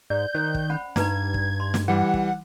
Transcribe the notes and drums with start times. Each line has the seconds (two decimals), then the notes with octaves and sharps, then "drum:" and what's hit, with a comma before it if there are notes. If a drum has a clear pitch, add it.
0.10 G#2 D5 G6
0.35 D#3 C5
0.54 drum: kick
0.70 C#4 F#5 B5
0.96 G2 D#4 B4 A#5 G#6, drum: snare
1.34 drum: kick
1.60 C6
1.74 drum: snare
1.88 E3 G3 F#5
2.14 drum: kick